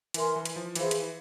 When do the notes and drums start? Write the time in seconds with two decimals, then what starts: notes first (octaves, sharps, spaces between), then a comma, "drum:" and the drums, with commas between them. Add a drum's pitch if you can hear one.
0.14 E3 A#4 E5 G#5 C6, drum: hi-hat
0.36 E3
0.45 drum: hi-hat
0.56 F3
0.76 E3 E4 G#4 C5 F5, drum: hi-hat
0.91 drum: hi-hat